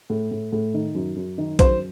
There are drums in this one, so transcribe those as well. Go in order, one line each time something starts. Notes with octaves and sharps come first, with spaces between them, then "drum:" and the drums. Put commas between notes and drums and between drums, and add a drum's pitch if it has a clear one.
A2
A2
A2
D#3
F#2
F#2
D#3
F#2 C5, drum: kick, hi-hat